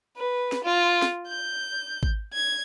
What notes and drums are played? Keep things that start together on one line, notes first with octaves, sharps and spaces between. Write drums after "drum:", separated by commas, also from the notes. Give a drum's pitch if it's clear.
B4
drum: snare
F4
drum: snare
G6
drum: kick G#1
G#6